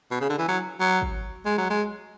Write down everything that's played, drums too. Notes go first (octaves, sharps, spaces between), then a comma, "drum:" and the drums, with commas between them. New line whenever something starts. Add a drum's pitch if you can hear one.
B2
C#3
D3
E3
F#3
F#3
drum: kick
G#3
F#3
G#3